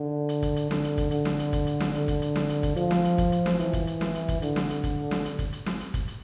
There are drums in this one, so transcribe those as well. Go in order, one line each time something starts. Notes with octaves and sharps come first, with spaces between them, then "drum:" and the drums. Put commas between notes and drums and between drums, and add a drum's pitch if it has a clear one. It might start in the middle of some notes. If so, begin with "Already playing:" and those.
Already playing: D3
drum: hi-hat
drum: kick, hi-hat
drum: hi-hat
D3, drum: snare
drum: hi-hat
drum: kick, hi-hat
D3, drum: hi-hat
drum: snare
drum: hi-hat
drum: kick, hi-hat
drum: hi-hat
drum: snare
D3, drum: hi-hat
drum: kick, hi-hat
drum: hi-hat
drum: snare
drum: hi-hat
drum: kick, hi-hat
F3, drum: hi-hat
drum: snare
drum: hi-hat
drum: kick, hi-hat
drum: hi-hat
drum: snare
E3, drum: hi-hat
drum: kick, hi-hat
drum: hi-hat
drum: snare
drum: hi-hat
drum: kick, hi-hat
D3, drum: hi-hat
drum: snare
drum: hi-hat
drum: kick, hi-hat
drum: snare
drum: hi-hat
drum: kick, hi-hat
drum: hi-hat
drum: snare
drum: hi-hat
drum: kick, hi-hat
drum: hi-hat